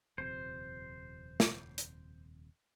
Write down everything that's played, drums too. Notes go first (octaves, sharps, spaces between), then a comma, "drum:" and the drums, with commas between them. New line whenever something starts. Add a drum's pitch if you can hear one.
D#1 F2 C3 C5
drum: snare
drum: hi-hat